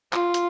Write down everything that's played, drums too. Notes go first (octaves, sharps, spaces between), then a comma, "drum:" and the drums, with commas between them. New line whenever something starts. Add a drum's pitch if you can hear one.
F4, drum: clap
drum: hi-hat